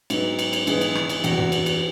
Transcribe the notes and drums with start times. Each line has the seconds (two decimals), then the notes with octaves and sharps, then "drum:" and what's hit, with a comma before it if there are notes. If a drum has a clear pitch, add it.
0.10 G#2 F#3 B3, drum: cymbal
0.39 drum: cymbal
0.53 drum: cymbal
0.67 G#2 E3 B3 G#4, drum: cymbal
0.81 drum: cymbal
0.95 drum: rim click
1.09 drum: cymbal
1.24 E2 E3 B3 F#4, drum: cymbal
1.38 drum: tom
1.52 drum: cymbal
1.66 drum: cymbal